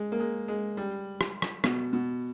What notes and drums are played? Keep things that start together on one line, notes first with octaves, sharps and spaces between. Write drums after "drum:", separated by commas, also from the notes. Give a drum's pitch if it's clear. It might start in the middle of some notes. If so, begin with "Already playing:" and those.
Already playing: G#3
A#3
G#3
G#3
G3
drum: rim click
drum: rim click
B2, drum: rim click
B2